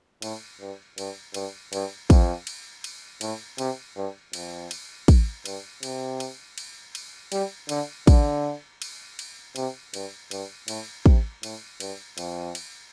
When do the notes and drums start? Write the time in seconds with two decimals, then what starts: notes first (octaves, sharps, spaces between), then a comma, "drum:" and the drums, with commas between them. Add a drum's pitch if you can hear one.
0.22 A2, drum: cymbal
0.61 G2
0.98 G2, drum: cymbal
1.34 G2, drum: cymbal
1.73 G2, drum: cymbal
2.10 F2, drum: kick, cymbal
2.47 drum: cymbal
2.84 drum: cymbal
3.21 A2, drum: cymbal
3.58 C3, drum: cymbal
3.96 G2
4.33 F2, drum: cymbal
4.71 drum: cymbal
5.08 drum: kick, cymbal
5.46 G2, drum: cymbal
5.83 C3, drum: cymbal
6.20 drum: cymbal
6.58 drum: cymbal
6.95 drum: cymbal
7.32 G3, drum: cymbal
7.69 D3, drum: cymbal
8.07 D3, drum: kick, cymbal
8.82 drum: cymbal
9.19 drum: cymbal
9.56 C3, drum: cymbal
9.94 G2, drum: cymbal
10.31 G2, drum: cymbal
10.68 A2, drum: cymbal
11.06 C3, drum: kick
11.43 A2, drum: cymbal
11.80 G2, drum: cymbal
12.18 F2, drum: cymbal
12.55 drum: cymbal